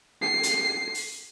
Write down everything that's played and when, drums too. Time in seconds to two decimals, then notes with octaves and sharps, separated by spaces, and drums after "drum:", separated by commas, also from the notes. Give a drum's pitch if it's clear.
0.22 C7
0.43 drum: hi-hat
0.94 drum: open hi-hat